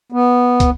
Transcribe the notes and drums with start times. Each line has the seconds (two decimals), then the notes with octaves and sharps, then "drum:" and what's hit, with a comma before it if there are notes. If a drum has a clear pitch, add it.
0.12 B3
0.60 drum: kick, hi-hat